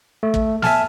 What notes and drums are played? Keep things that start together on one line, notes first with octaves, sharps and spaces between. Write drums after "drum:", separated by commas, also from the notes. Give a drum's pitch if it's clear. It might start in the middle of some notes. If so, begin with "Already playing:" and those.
A3
drum: kick
E5 G#5 A5 F6, drum: snare